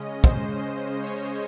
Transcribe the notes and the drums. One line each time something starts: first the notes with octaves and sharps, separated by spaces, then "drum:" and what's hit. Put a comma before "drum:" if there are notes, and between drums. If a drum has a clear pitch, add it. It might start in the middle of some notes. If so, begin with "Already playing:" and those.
Already playing: C#3 G#3 C#4 D#5
C5, drum: kick
C#5